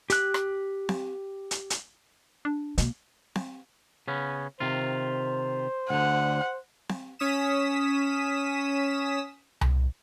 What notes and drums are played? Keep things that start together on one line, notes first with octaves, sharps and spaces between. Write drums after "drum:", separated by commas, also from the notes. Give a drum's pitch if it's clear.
G4 F#6, drum: hi-hat
drum: rim click
drum: snare C4
drum: hi-hat
drum: hi-hat
D4
B2 A#3, drum: hi-hat
drum: snare C4
C#3 B3 C#4
C3 D#3 F4 C5
D2 D3 F#5
drum: snare C4
C#4 D#6 B6 E7
drum: tom C2